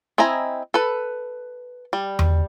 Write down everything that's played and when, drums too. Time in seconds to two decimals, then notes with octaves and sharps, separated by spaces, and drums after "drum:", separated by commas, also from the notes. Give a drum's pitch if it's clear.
0.18 C4 E4 D#5 G#5 A#5
0.74 A4 B4
1.93 G3
2.19 drum: tom E2